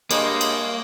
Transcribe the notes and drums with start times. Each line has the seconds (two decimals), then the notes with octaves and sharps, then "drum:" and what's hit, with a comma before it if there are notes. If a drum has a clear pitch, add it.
0.11 G2 G#3 A#3 C#5 D#5 G#5, drum: cymbal
0.41 drum: cymbal